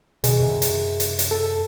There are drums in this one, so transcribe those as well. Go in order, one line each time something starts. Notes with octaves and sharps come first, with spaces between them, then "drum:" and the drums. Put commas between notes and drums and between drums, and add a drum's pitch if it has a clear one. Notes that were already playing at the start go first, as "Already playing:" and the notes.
B2 D#3 G#4, drum: hi-hat
F#2 C3
drum: hi-hat
drum: hi-hat
drum: hi-hat
A4